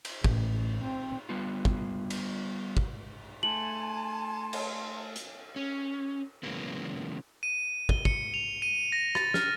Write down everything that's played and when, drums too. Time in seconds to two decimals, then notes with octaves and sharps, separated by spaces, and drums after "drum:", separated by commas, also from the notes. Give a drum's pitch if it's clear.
0.05 drum: cymbal
0.24 A1, drum: kick
0.84 C4
1.29 G3 B3 F4
1.65 drum: kick
2.10 drum: cymbal
2.77 drum: kick
3.43 A3 G#5 A5 C6 F#7
4.53 drum: cymbal
5.16 drum: hi-hat
5.56 C#4
6.43 C#3 E3 F#3 G#3 A#3 B3
7.43 D#7
7.89 G7, drum: kick
8.05 C#7, drum: kick
8.34 F7
8.62 D#7
8.92 A#6
9.15 A6, drum: rim click
9.34 F6, drum: snare